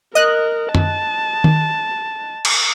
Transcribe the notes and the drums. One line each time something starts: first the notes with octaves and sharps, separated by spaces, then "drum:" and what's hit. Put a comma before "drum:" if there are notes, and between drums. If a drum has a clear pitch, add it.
A#4 D#5 F#6
A5, drum: tom F#2
drum: tom
drum: cymbal